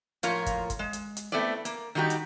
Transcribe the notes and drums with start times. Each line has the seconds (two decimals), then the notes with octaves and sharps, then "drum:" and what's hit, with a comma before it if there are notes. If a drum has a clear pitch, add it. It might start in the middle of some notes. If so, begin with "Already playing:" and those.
0.23 A2 F3 A#3 F4 A#4 C#5, drum: hi-hat
0.46 drum: kick, hi-hat
0.70 drum: kick, hi-hat
0.79 G#3
0.93 drum: hi-hat
1.17 drum: hi-hat
1.32 A3 B3 C4 E4 D5
1.65 A#3, drum: hi-hat
1.95 D#3 G3 D#4 F#4 G4
2.10 drum: hi-hat